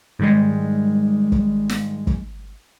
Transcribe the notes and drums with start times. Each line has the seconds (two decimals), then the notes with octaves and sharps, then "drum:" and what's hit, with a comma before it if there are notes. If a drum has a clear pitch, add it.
0.19 G#2 D#3 G3 G#3
1.32 drum: kick
1.69 drum: snare
2.07 drum: kick